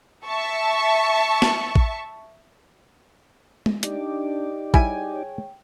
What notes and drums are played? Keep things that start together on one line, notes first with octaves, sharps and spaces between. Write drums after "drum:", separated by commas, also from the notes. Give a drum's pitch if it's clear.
E5 A5 C#6
drum: snare
drum: kick A1
drum: tom G#3
D4 D#4 G4 D5, drum: hi-hat
G3 E4 G#4 C#5 G5 G#5, drum: kick A1